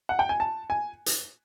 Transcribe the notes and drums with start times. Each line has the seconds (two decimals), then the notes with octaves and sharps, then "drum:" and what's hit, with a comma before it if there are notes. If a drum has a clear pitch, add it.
0.09 F#5
0.19 G5
0.29 G#5
0.40 A5
0.70 G#5
1.06 drum: hi-hat